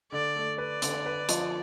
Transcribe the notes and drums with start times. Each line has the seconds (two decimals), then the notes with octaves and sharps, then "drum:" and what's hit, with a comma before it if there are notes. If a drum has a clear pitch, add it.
0.12 D3 D5
0.36 A3
0.58 B4 D5
0.82 D3, drum: hi-hat
1.06 B4
1.29 F3, drum: hi-hat